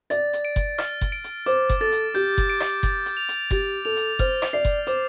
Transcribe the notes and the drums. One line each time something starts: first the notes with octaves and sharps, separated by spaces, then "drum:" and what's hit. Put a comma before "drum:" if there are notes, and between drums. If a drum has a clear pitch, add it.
D5 A6, drum: hi-hat
drum: hi-hat
D7
drum: kick F#1, hi-hat
F6, drum: rim click
drum: kick F#1, hi-hat
D7
drum: hi-hat
C5 D6, drum: hi-hat
drum: kick F#1, hi-hat
A4 A6
drum: hi-hat
G4 G6, drum: hi-hat
drum: kick F#1, hi-hat
D7
drum: rim click
A6, drum: kick F#1, hi-hat
drum: hi-hat
F7
drum: hi-hat
G4 A6, drum: kick F#1, hi-hat
A4 F7
drum: hi-hat
C5 F6, drum: kick F#1, hi-hat
drum: rim click
D5 C7
drum: kick F#1, hi-hat
C5 D6, drum: hi-hat